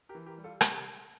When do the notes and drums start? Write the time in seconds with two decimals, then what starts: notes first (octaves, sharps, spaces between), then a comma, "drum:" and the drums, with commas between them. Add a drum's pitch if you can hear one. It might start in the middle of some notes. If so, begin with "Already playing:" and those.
0.09 G4 A#4
0.15 E3
0.26 G4 A#4
0.38 G3
0.44 F4 A4
0.61 C3 G4 A#4, drum: rim click